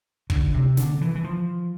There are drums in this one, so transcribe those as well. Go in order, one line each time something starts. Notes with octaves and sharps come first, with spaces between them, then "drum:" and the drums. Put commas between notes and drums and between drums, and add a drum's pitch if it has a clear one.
D3, drum: kick
C3
D3, drum: snare
E3
E3
F3